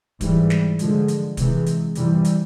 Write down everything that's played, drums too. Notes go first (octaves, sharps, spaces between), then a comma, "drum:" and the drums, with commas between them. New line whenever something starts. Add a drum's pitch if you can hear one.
G#2 E3 G3, drum: kick, hi-hat
drum: snare
D3 F3 G#3, drum: hi-hat
drum: hi-hat
C3 E3 G#3, drum: kick, hi-hat
drum: hi-hat
F2 C3 E3 G3, drum: hi-hat
drum: hi-hat